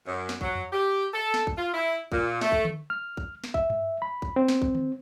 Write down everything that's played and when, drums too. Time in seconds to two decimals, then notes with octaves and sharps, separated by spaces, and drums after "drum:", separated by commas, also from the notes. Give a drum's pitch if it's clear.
0.07 F#2
0.29 drum: snare
0.41 F#3, drum: kick A#1
0.55 drum: tom E2
0.73 G4
1.14 A4
1.34 drum: snare
1.47 drum: kick A#1
1.57 F4
1.73 E4
2.12 A#2, drum: kick A#1
2.41 A3, drum: snare
2.52 drum: kick A#1
2.65 drum: tom D3
2.90 F6
3.17 drum: kick A#1
3.44 drum: snare
3.54 E5, drum: kick A#1
3.70 drum: tom G2
4.02 B5
4.22 drum: kick A#1
4.36 C4
4.48 drum: snare
4.62 drum: kick A#1
4.75 drum: tom D3